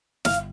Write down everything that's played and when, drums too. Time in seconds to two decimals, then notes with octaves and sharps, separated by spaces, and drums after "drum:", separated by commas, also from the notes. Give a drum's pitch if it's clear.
0.25 G1 F5, drum: snare